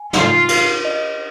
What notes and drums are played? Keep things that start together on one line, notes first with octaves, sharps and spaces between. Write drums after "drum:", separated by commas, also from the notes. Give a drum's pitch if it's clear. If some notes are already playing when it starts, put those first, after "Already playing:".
Already playing: G#5
D#4 F4, drum: snare
F5, drum: cymbal
D#5